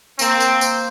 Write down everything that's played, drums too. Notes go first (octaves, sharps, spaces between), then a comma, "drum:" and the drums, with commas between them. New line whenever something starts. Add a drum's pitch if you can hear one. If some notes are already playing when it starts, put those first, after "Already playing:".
A#3 C4, drum: tambourine
A#3, drum: tambourine
C5, drum: tambourine